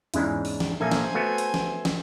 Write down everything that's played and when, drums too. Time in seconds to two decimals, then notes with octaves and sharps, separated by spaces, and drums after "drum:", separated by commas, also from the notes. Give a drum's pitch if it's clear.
0.14 E2 G#2 G#3 C#4 D4 E4, drum: hi-hat
0.45 drum: open hi-hat
0.60 drum: snare
0.80 A#1 A#3 C4 A4 E5 G#5 A#5
0.92 drum: snare
1.15 A3 B3 F#4
1.38 drum: hi-hat
1.54 drum: snare
1.85 drum: snare